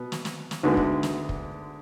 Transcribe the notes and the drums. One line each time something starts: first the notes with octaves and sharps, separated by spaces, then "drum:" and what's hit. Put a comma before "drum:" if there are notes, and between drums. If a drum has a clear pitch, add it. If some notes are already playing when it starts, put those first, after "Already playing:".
Already playing: B2 B3
drum: snare
drum: snare
drum: snare
D2 D3 G#3 B3
drum: kick
drum: snare
drum: kick